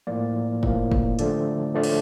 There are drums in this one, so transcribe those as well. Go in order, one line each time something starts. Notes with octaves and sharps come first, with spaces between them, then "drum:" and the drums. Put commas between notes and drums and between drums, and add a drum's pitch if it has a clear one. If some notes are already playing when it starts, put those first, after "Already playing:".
A2 F3 A#3 D5
A2 F3 A#3, drum: kick
drum: kick
D3 F3 A3 D5, drum: hi-hat
D3 F3 A3 D5
C#5, drum: cymbal